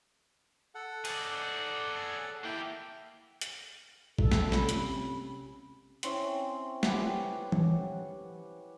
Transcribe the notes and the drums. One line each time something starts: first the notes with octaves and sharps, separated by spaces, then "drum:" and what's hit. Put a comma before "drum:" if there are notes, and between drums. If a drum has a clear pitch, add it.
A4 F#5
G#4 D5, drum: cymbal
A#3 E4 G4 G5
drum: hi-hat
A4, drum: kick A1
drum: snare
C3 C#4 B5, drum: snare
drum: hi-hat
C4 C#4 E4, drum: hi-hat
G4 B4 F#5 G#5, drum: snare
drum: tom E3